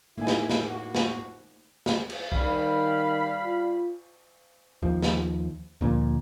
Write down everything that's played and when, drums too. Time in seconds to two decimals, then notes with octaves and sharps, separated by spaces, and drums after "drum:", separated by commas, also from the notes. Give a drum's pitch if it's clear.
0.17 A2 A3 A#3 D#4 E4 G#5
0.27 drum: snare
0.50 drum: snare
0.68 F#4
0.95 drum: snare
1.86 drum: snare
2.10 drum: cymbal
2.32 D#3 G3 F5 B5, drum: kick
3.44 F4
4.82 D#2 F3
5.02 drum: snare
5.81 D2 A#2 F3